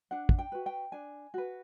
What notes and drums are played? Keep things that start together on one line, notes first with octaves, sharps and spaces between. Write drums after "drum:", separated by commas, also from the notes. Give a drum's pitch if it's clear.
D4 F#5
drum: kick
G5
F#4 B4
G5
D4 G#5
F#4 B4